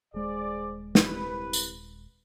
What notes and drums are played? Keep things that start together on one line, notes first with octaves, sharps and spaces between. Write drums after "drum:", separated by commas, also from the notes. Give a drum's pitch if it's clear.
D#1 G#3 G#4 C5 D5
C2 B4, drum: snare
drum: tambourine